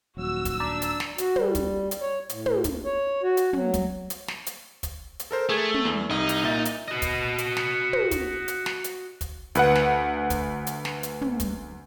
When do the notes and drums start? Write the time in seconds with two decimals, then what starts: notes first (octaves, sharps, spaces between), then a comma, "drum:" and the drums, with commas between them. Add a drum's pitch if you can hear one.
0.17 D#1 F#3 F#4 E6
0.45 drum: kick, hi-hat
0.60 D4 A#5 D6 A6
0.82 drum: hi-hat
1.00 drum: snare
1.18 F#4, drum: hi-hat
1.36 G3, drum: tom
1.55 drum: kick, hi-hat
1.91 drum: hi-hat
2.01 C#5
2.29 A2, drum: hi-hat
2.46 drum: tom
2.64 drum: kick, hi-hat
2.85 C#5
3.23 F#4
3.37 drum: hi-hat
3.53 F#3, drum: tom
3.74 drum: kick, hi-hat
4.10 drum: hi-hat
4.28 drum: snare
4.47 drum: hi-hat
4.83 drum: kick, hi-hat
5.19 drum: hi-hat
5.31 A4 A#4 C5
5.49 A3 G#4 G#6
5.74 drum: tom
5.85 E2
6.11 C2 D#4
6.29 drum: hi-hat
6.43 A#2 E5 A6
6.65 drum: hi-hat
6.88 F#4 D#5
7.02 drum: kick, hi-hat
7.38 drum: hi-hat
7.57 drum: snare
7.93 drum: tom
8.11 drum: kick, hi-hat
8.48 drum: hi-hat
8.66 drum: snare
8.84 drum: hi-hat
9.21 drum: kick, hi-hat
9.55 D2 B4 F#5, drum: hi-hat
9.75 drum: snare
10.30 drum: kick, hi-hat
10.67 drum: hi-hat
10.85 drum: snare
11.03 drum: hi-hat
11.21 drum: tom
11.40 drum: kick, hi-hat